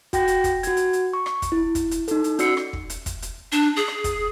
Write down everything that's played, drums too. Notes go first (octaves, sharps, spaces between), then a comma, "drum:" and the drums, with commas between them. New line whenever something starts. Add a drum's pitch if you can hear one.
F#4 G5 A#6, drum: kick, hi-hat
drum: hi-hat
drum: kick, hi-hat
F#4 G#6, drum: hi-hat
drum: hi-hat
drum: hi-hat
C#6
drum: rim click
drum: kick, hi-hat
E4
drum: kick, hi-hat
drum: hi-hat
D#4 A4, drum: hi-hat
drum: hi-hat
C#4 F#4 D5 E6 C7 C#7, drum: hi-hat
drum: rim click
drum: kick
drum: hi-hat
drum: kick, hi-hat
drum: hi-hat
D4, drum: hi-hat
G#4
drum: rim click
drum: kick, hi-hat